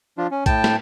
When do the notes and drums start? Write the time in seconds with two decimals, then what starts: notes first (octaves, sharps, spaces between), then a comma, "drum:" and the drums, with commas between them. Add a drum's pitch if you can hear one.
0.18 F3 D4 F4
0.31 C#4
0.46 A2 G5 A5, drum: kick A#1, hi-hat
0.64 drum: snare